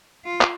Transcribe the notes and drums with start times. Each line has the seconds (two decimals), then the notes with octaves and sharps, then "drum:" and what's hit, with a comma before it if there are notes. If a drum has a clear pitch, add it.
0.25 F4
0.41 drum: clap